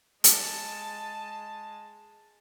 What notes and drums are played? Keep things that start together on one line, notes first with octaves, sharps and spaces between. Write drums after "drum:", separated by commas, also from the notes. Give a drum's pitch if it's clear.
G#3 A5, drum: hi-hat